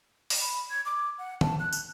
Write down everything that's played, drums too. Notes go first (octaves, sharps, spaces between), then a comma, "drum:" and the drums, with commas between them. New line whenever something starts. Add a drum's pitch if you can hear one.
drum: open hi-hat
B5
G#6
D6
F#5
A5, drum: tom
F#6
drum: tambourine